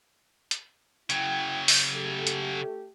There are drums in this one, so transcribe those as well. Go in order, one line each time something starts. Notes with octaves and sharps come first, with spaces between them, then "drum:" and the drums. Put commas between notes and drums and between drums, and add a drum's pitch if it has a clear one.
drum: hi-hat
C#3 F#3 E4 G5, drum: hi-hat
drum: open hi-hat
A3 G4 A4
drum: hi-hat